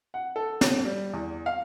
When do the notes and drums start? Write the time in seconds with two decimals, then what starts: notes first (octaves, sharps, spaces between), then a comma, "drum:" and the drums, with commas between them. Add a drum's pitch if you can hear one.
0.14 F#5
0.36 A4
0.61 F4, drum: snare
0.85 G3
1.13 E2
1.46 F5